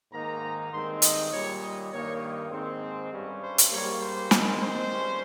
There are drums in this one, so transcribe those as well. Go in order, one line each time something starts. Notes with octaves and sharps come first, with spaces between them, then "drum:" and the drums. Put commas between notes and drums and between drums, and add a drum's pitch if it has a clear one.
G#2 D#3 A#3 D#4 A#5
G2 D#3 G#3 C4 D#4 C6
D#5, drum: hi-hat
A#2 G3 A#3 C#5
D#5
G2 D#3 A#3 D#4 C#5
G#2 D#3 G#3 C4
G2 G3 C#4
C5
drum: hi-hat
G#2 G3 A#3 C#5
C5
D#3 G#3 C4, drum: snare
C5
G2 G3 C#4